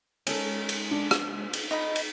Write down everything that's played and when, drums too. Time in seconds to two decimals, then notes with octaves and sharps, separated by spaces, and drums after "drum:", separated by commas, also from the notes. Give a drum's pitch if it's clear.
0.27 G#3 C#4 A4 A#4, drum: cymbal
0.69 drum: cymbal
0.91 D4
1.11 drum: rim click
1.53 drum: cymbal
1.71 D#4 D#5 B5
1.96 drum: cymbal